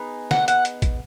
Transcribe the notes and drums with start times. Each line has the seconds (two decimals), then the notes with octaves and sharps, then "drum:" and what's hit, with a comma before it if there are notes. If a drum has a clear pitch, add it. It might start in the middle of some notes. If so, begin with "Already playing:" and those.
Already playing: B3 D#4 G#4
0.31 F#5, drum: snare
0.48 F#5, drum: hi-hat
0.65 drum: hi-hat
0.82 drum: kick, hi-hat